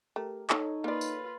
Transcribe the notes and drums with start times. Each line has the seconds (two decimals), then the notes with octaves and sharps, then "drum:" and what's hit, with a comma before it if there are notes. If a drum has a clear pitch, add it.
0.16 A3 G4 A#4
0.50 D#4 A4 C#5, drum: clap
0.84 A#3 F4 B4 D5
1.01 drum: tambourine